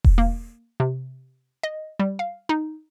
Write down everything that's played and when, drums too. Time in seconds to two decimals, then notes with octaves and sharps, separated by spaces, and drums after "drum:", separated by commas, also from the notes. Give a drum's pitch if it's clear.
0.04 drum: kick E1
0.18 A#3
0.80 C3
1.63 D#5
2.00 G3
2.19 F5
2.49 D#4